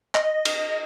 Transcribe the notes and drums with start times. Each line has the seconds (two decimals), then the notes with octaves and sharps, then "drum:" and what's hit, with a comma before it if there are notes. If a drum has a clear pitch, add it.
0.15 D#5, drum: clap
0.45 drum: cymbal